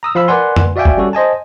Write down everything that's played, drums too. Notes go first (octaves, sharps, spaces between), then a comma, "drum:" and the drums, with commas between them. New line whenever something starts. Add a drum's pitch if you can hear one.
A#5 D#6 E6
F3 F5 B5 E6
A#4 B4 D5 F#5 G#5 C6
drum: tom F2
F#4 D5 E5 F5 G5 G#5
drum: kick F#1
G3 C#4 F#4 A4
C5 D#5 G#5 A5